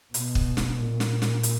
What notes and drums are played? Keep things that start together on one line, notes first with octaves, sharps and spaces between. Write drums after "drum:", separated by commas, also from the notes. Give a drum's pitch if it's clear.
B2, drum: hi-hat
drum: kick
drum: snare
A#2
drum: snare
drum: snare
drum: hi-hat